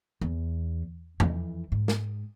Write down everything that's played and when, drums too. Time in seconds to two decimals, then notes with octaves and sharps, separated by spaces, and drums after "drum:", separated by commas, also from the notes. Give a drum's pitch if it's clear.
0.21 E2
1.20 F2 E3, drum: tom E2
1.72 G#2
1.88 drum: snare